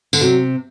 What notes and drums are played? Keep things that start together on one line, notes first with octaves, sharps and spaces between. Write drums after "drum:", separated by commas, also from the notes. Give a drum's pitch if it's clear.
D3, drum: tambourine
C3 F#3